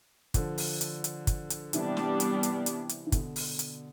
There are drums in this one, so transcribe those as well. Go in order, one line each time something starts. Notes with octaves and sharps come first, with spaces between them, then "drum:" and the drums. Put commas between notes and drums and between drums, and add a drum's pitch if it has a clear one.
D3 F3, drum: kick, hi-hat
drum: open hi-hat
drum: hi-hat
drum: hi-hat
drum: kick, hi-hat
drum: hi-hat
C3 E3 G3 B3 D4, drum: hi-hat
drum: snare
drum: hi-hat
drum: hi-hat
drum: hi-hat
drum: hi-hat
E3
B2 D3, drum: kick, hi-hat
drum: open hi-hat
drum: hi-hat